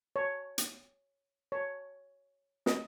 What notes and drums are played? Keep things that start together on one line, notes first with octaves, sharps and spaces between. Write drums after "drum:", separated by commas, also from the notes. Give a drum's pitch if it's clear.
C#5
drum: hi-hat
C#5
D#5, drum: snare